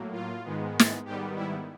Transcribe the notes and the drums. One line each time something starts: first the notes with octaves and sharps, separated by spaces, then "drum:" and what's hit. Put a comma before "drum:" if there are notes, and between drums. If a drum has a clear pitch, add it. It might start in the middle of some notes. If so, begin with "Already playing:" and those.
Already playing: A2 F#3 A#3
F4
G#2 D#3 G#3 B3
drum: snare
G#2 D#3 G3 B3 G4
E4